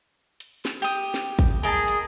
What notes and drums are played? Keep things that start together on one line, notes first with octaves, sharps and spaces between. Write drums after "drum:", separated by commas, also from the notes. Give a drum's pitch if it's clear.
drum: hi-hat
drum: snare
G4 D#6
drum: snare
drum: kick, hi-hat
G#4 A#4 D#5 A5
drum: hi-hat